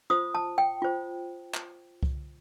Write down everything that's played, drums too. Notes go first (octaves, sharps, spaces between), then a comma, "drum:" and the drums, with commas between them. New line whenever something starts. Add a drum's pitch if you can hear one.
F4 C5 D#6
A5
G5
F4 C5
drum: clap
drum: kick C2